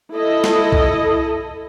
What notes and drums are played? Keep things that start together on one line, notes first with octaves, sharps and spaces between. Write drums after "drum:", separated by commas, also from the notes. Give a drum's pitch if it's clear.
E4 A4 D#5
drum: snare
drum: kick C2